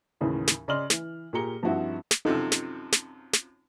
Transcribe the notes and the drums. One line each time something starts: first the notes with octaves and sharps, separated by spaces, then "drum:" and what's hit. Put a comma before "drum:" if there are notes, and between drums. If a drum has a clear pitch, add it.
D#2 A2 C#3 E3
drum: snare
C#3 D5 D#5 C6 F6 F#7
E3, drum: snare
A#2 G4 G#4 A#5 C#7 G7
G2 F3 C4 D#4 E4 F#4
drum: snare
F#2 C3 F3 D#4 A4
drum: snare
drum: snare
drum: snare